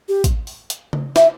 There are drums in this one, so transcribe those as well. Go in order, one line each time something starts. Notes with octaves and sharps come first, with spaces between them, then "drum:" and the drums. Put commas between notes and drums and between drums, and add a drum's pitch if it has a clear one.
G4
drum: kick, hi-hat
drum: open hi-hat
drum: hi-hat
drum: tom C#3
E5, drum: snare